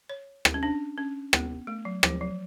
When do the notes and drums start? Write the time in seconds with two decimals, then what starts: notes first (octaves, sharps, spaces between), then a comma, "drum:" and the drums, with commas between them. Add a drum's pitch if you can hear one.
0.09 C#5
0.45 drum: rim click
0.54 C#4
0.63 D4
0.98 C#4
1.33 B3, drum: rim click
1.67 A3
1.85 F#3
2.03 F3, drum: rim click
2.21 F#3